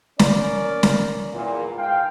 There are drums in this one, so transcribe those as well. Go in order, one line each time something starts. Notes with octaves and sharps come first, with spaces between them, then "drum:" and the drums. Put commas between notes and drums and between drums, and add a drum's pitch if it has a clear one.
C#4 A#4 D5, drum: snare
drum: snare
E2 A#2
G#2 F5 G5